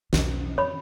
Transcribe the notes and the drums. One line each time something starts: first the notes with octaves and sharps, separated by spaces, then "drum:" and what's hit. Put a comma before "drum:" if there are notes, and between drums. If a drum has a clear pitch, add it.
B1 E2, drum: snare
F2 C#5 B5